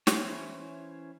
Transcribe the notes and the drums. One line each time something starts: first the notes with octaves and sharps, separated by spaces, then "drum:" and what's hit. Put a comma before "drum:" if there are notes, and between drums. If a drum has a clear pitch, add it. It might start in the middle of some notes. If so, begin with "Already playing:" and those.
E3 C#4 E4 C5 C#5, drum: snare